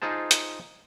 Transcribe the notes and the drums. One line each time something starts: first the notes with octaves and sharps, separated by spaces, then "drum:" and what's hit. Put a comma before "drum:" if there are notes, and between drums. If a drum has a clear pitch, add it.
D#4 F4 G#4 C5 A5
drum: hi-hat